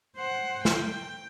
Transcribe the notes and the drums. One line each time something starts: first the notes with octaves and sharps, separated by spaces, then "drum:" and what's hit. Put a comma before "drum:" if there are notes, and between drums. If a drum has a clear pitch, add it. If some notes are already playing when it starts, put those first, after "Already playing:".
C5 F#5
G5, drum: snare